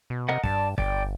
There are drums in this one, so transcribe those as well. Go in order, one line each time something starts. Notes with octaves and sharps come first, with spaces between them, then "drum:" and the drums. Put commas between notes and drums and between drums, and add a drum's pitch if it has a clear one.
B2
C3 A#4 D#5 F#5
G2 D5 A5, drum: kick
G1 D5 G5, drum: kick